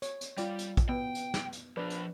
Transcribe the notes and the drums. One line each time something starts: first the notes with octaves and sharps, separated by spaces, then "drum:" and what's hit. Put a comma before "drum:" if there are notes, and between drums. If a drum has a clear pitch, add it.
C#5, drum: hi-hat
drum: hi-hat
G3 F4 D5 G5, drum: hi-hat
drum: hi-hat
drum: kick, hi-hat
B3 G5
drum: hi-hat
drum: snare
drum: hi-hat
F3 D4 B4 D5
drum: hi-hat